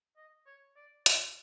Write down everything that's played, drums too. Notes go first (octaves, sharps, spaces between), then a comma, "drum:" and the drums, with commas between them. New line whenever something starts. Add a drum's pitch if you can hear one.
D#5
C#5
D5
D5, drum: hi-hat